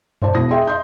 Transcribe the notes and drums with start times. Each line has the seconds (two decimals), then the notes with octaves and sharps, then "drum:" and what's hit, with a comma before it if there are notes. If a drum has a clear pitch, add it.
0.22 E1 C5 D5 A5, drum: tom F#2
0.35 E1 B2 E4 D#6 A#6
0.51 G#4 D#5 E5 G5 C6
0.67 D#5 E5 C6 D#6 G6